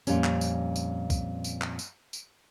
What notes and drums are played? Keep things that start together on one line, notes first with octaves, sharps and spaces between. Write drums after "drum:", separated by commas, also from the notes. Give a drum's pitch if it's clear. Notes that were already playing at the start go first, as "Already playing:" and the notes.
F2 A#2 G3 C#4, drum: tambourine
drum: clap
drum: tambourine
drum: tambourine
drum: kick, tambourine
drum: tambourine
drum: clap
drum: tambourine
drum: tambourine